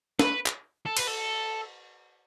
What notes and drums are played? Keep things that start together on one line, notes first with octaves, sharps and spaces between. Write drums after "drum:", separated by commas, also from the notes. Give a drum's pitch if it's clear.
B4, drum: snare
drum: clap
A4
B4, drum: cymbal
A4